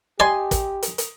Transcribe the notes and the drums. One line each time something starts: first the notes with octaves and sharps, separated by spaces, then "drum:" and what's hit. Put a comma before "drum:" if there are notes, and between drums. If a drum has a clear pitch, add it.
G4 D5 D#5 G#5 C6
drum: kick, hi-hat
drum: hi-hat
drum: hi-hat